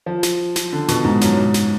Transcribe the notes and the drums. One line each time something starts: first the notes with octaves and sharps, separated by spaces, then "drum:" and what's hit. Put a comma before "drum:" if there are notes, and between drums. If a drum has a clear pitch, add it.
F3
drum: snare
drum: snare
D3
B2, drum: snare
G#2
F#2, drum: snare
G#2
drum: snare